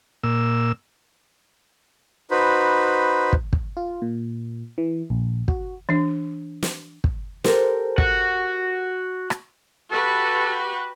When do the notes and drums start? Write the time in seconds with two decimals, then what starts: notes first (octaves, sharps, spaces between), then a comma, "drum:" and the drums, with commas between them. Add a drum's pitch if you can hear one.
0.24 A#2 E6
2.31 D#4 F#4 B4 C5 B5
3.33 drum: kick
3.53 drum: kick
3.77 F4
4.02 A#2
4.78 E3
5.10 A#1
5.48 F#4, drum: kick
5.89 E3 D4
6.63 drum: snare
7.04 drum: kick
7.44 G4 A4 A#4 C5, drum: snare
7.98 F#4 F#5, drum: kick
9.30 drum: rim click
9.92 F#4 G4 A4 B4